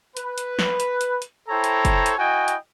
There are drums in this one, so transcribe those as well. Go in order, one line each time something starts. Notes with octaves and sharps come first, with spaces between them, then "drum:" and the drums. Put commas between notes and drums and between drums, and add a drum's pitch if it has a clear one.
B4, drum: hi-hat
drum: hi-hat
drum: snare
drum: hi-hat
drum: hi-hat
drum: hi-hat
E4 A4 C5 C#5 G5 A#5
drum: hi-hat
drum: kick, hi-hat
drum: hi-hat
E4 F#4 D#5 G5 G#5
drum: hi-hat